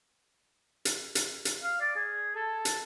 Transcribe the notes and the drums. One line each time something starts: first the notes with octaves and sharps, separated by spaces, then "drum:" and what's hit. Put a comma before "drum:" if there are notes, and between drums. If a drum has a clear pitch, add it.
drum: hi-hat
drum: hi-hat
drum: hi-hat
F5
D5
G#4
A4
drum: hi-hat